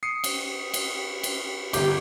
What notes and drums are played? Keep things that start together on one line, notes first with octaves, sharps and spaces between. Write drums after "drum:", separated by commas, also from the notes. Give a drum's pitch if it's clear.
D#6 C7 C#7
drum: cymbal
drum: cymbal
drum: cymbal
G1 G3 G4 D6, drum: cymbal